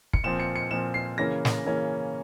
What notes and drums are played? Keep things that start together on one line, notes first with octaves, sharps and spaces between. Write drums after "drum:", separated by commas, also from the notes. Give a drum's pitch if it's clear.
C#7, drum: kick
A#2 F3 C4 E7
C#7
C#7
A#2 F3 C4 E7
C7
C#3 E3 A#3 C#4 A#6
drum: snare
C#3 E3 A#3 C#4